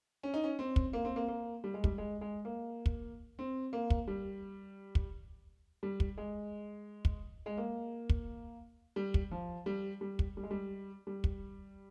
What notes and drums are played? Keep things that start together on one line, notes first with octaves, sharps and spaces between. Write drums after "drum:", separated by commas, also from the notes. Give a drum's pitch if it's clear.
C#4
D#4
C#4
C4
drum: kick
A#3
C4
A#3
A#3
G3
G#3
G3, drum: kick
G#3
G#3
A#3
drum: kick
C4
A#3
drum: kick
G3
drum: kick
G3
drum: kick
G#3
drum: kick
G#3
A#3
drum: kick
G3
drum: kick
F3
G3
G3
drum: kick
G3
G#3
G3
G3
drum: kick